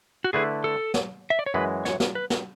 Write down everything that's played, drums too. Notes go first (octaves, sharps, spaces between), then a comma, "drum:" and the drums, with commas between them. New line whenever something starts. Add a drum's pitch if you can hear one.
F#4
D3 A3 E4 G#4 B4
A4
drum: snare
E5
D5
C#5
F#2 E3 G#3 B4
C#5, drum: snare
drum: snare
B4
drum: snare